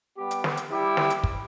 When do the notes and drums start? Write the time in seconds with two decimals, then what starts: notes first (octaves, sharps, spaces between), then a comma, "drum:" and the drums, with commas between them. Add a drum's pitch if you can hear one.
0.18 G3 B3 G4
0.31 drum: hi-hat
0.44 drum: snare
0.57 drum: hi-hat
0.71 G3 E4 G4
0.97 drum: snare
1.10 drum: hi-hat
1.24 drum: kick